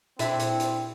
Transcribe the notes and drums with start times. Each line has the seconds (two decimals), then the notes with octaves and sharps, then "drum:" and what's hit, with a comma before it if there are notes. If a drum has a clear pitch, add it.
0.19 A#2 C4 D4 E4 E5, drum: hi-hat
0.40 drum: hi-hat
0.60 drum: hi-hat